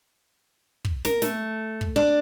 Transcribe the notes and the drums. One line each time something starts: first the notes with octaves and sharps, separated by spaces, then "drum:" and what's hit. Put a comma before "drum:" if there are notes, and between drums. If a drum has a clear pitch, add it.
drum: kick
A#4, drum: snare
A3, drum: snare
drum: kick
D4